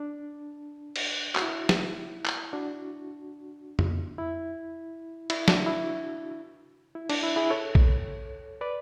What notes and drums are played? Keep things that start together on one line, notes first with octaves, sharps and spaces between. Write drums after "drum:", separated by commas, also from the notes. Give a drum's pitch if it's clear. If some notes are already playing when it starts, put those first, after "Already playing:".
Already playing: D4
drum: cymbal
F#4, drum: clap
E4
drum: snare
drum: clap
D4 F#4
drum: tom F2
E4
E4, drum: cymbal
D4 F#4, drum: snare
E4
E4
D4, drum: cymbal
E4
E4 G#4
A4 C#5
drum: kick
B4 D5